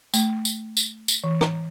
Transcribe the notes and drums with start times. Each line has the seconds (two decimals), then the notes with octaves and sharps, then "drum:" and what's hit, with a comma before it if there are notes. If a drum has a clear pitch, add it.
0.14 A3, drum: tambourine
0.45 drum: tambourine
0.77 drum: tambourine
1.08 drum: tambourine
1.24 E3
1.41 A#5, drum: rim click